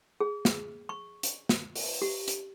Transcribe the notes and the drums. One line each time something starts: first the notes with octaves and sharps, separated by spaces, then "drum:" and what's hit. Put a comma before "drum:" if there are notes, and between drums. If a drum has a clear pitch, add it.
G#4
drum: snare
C#6
drum: hi-hat
drum: snare
drum: open hi-hat
G4
drum: hi-hat